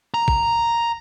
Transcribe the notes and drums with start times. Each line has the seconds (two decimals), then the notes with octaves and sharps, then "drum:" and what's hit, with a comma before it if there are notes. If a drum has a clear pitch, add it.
0.14 A#5
0.28 drum: kick